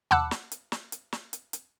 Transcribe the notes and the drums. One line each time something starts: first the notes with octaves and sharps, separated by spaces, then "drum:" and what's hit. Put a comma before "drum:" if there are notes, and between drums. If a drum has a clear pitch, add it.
F#5 A5 B5 D6 E6 F#6, drum: tom D#2
drum: snare
drum: hi-hat
drum: snare
drum: hi-hat
drum: snare
drum: hi-hat
drum: hi-hat